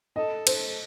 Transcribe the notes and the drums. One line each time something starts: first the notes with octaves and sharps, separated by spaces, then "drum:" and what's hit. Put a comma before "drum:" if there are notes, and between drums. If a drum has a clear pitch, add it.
A4 D#5
C5, drum: cymbal